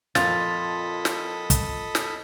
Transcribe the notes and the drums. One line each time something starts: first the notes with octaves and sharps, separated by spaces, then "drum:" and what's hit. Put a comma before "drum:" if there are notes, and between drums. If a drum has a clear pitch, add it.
F2 A#2 F4 A4 D#5 B5 A6, drum: snare
drum: snare
drum: kick, hi-hat
drum: snare